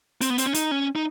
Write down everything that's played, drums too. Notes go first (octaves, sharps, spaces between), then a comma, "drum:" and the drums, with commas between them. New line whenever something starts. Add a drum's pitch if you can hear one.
C4, drum: hi-hat
B3
C4, drum: hi-hat
C#4
D#4, drum: hi-hat
C#4
D#4